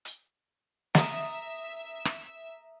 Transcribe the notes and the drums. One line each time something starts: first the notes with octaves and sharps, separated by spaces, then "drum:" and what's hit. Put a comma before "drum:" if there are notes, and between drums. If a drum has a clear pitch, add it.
drum: hi-hat
E5 A#5 D#6, drum: snare
drum: rim click